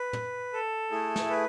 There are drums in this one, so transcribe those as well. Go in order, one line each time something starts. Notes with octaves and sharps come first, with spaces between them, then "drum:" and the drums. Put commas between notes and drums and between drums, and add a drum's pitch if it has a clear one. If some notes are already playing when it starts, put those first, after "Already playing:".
Already playing: B4
drum: tom
A4
A3 E4 G#4
drum: snare
B4